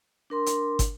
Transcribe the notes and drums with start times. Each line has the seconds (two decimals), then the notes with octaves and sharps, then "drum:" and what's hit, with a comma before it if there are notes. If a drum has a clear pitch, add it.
0.30 D4 A#4 C6 D6
0.46 drum: hi-hat
0.79 drum: kick, hi-hat